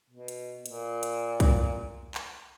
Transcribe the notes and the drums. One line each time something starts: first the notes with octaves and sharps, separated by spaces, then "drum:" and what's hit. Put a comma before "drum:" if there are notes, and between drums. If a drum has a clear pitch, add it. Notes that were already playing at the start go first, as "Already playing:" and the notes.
B2
drum: hi-hat
A#2, drum: hi-hat
drum: hi-hat
drum: kick B1, hi-hat
drum: clap